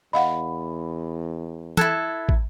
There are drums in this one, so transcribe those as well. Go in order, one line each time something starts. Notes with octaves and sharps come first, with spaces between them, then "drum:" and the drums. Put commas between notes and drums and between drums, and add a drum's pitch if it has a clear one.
E2 D#5 F5 F#5 B5
E4 A4 F#6 G#6 A6, drum: tom
drum: kick